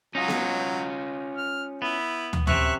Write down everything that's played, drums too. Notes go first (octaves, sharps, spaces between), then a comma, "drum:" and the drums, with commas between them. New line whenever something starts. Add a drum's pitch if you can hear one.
F#3 C#4 D#4 F4
drum: snare B3
F6
B3 E4
drum: tom
F#2 C3 C5 E5 C#6 F#6, drum: tom